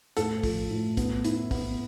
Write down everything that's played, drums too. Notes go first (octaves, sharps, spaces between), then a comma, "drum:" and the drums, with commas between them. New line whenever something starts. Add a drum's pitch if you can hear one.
A2 A4, drum: hi-hat
F3, drum: kick, open hi-hat
A2
B3, drum: kick, hi-hat
E4, drum: hi-hat
B3, drum: kick, open hi-hat